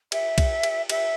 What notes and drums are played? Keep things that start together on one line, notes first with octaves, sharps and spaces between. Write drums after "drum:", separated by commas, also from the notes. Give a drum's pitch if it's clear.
E5, drum: cymbal
drum: kick B1, cymbal
drum: cymbal
E5, drum: cymbal